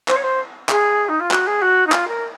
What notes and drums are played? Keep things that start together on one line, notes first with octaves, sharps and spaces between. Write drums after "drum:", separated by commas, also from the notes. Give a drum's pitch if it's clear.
C5, drum: clap
C#5
C5
G#4, drum: clap
D#4
F4
F#4, drum: clap
G#4
F#4
D#4
F4, drum: clap
A#4